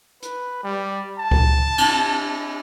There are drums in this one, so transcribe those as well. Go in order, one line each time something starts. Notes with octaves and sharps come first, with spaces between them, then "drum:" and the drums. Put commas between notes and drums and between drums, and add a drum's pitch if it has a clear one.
B4, drum: hi-hat
G3
A5
drum: kick C#2
drum: cymbal